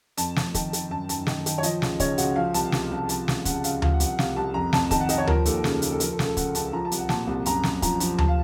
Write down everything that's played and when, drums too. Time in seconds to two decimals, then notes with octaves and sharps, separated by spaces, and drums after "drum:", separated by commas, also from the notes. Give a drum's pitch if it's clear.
0.17 F2 A5, drum: hi-hat
0.36 F2, drum: snare
0.54 D#3 A5, drum: kick, hi-hat
0.73 D#3, drum: hi-hat
0.90 F#2 A5
1.09 F#2 A5, drum: hi-hat
1.27 D#3, drum: snare
1.46 D#3, drum: hi-hat
1.58 C#5
1.63 F3 D#5, drum: hi-hat
1.82 C#2, drum: snare
2.00 C#3 C#5, drum: kick, hi-hat
2.18 C#2 F#4, drum: hi-hat
2.36 F3 F5
2.54 C2 A5, drum: hi-hat
2.72 C3, drum: snare
2.91 C2
3.09 F3 A5, drum: hi-hat
3.28 C#2, drum: snare
3.45 C#3 F#5, drum: kick, hi-hat
3.64 C#2 F5, drum: hi-hat
3.82 F3 F5, drum: tom D2
3.93 F#5
4.00 C2, drum: hi-hat
4.06 F#5
4.19 C3 F5, drum: snare
4.36 C2 A5
4.54 F2 A#5
4.73 F2 A5, drum: snare
4.91 D#3 A5, drum: kick, hi-hat
5.00 F#5
5.09 D#3 D#5, drum: hi-hat
5.18 C#5
5.27 F3 A#4, drum: tom D2
5.45 D#2 A4, drum: hi-hat
5.64 C#3, drum: snare
5.82 D#2, drum: hi-hat
5.92 A4
6.00 F3 A#4, drum: hi-hat
6.12 A4
6.19 C#2, drum: snare
6.25 A4
6.37 C#3 F#5, drum: kick, hi-hat
6.55 C#2 A5, drum: hi-hat
6.73 F3 A#5
6.85 A5
6.92 C2, drum: hi-hat
6.98 F#5
7.09 A#2 A5, drum: snare
7.27 C2
7.46 F#2 A#5, drum: hi-hat
7.63 F#2, drum: snare
7.82 F3 A#5, drum: kick, hi-hat
8.00 F3, drum: hi-hat
8.18 A5, drum: tom D2
8.28 F5